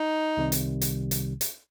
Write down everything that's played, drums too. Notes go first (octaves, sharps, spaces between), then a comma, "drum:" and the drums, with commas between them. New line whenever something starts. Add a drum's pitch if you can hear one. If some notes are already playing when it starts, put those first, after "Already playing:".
Already playing: D#4
C2 C3 D#3 G3
drum: hi-hat
drum: hi-hat
drum: hi-hat
drum: hi-hat